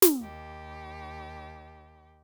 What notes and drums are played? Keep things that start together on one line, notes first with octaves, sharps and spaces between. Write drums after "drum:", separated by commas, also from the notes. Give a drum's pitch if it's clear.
drum: snare
D#2 G4